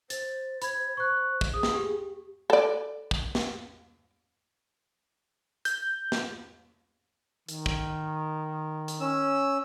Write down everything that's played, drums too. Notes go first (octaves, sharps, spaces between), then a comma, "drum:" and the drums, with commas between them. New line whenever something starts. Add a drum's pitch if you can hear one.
C5 A6, drum: hi-hat
B5 G#6, drum: hi-hat
C5 C#6 F#6
drum: kick
G#4 D#6
drum: snare
G4
A4 D5
drum: kick
drum: snare
G6, drum: hi-hat
drum: snare
D#3, drum: hi-hat
drum: kick
drum: hi-hat
C#4 E6